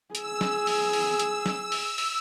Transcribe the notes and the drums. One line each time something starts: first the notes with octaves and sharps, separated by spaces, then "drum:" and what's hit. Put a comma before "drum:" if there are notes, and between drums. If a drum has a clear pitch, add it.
G#4 E6, drum: hi-hat
drum: snare
drum: open hi-hat
drum: open hi-hat
drum: hi-hat
drum: snare
drum: open hi-hat
drum: open hi-hat